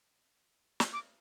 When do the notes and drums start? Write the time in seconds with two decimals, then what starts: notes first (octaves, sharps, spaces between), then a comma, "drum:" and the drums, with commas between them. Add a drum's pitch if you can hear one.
0.80 drum: snare
0.93 D6